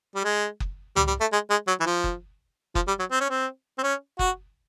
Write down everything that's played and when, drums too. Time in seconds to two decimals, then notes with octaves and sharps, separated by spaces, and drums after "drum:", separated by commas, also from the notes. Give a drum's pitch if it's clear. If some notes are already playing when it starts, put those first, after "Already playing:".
0.15 G3
0.24 G#3
0.60 drum: kick F#1
0.96 G3, drum: tom
1.08 G3
1.20 A3
1.32 G#3
1.50 G#3
1.67 F#3
1.80 E3
1.86 F3
2.04 drum: kick F#1
2.75 F3, drum: kick F#1
2.87 G3
2.99 F#3
3.11 C4
3.20 C#4
3.30 C4
3.78 C4
3.83 C#4
4.19 F#4, drum: kick F#1